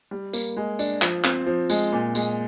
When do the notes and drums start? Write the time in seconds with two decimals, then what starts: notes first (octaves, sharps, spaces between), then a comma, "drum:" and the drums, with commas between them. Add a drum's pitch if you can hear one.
0.11 G3
0.33 A#3, drum: tambourine
0.57 G#3
0.79 D4, drum: tambourine
1.02 F3, drum: clap
1.24 C4, drum: clap
1.46 F3
1.70 G#3, drum: tambourine
1.92 A#2
2.15 G#3, drum: tambourine